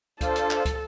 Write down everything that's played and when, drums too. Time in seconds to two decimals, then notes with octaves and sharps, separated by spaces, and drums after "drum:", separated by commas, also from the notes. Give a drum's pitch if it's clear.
0.21 D4 F4 A4 C5, drum: kick, hi-hat
0.36 drum: hi-hat
0.51 drum: clap
0.65 drum: kick, hi-hat